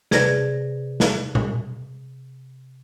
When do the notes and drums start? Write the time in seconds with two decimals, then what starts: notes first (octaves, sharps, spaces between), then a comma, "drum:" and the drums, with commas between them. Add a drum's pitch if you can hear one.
0.11 C3 G#4 B4 D5 G#6 A#6, drum: snare
1.00 drum: snare
1.35 drum: tom A#2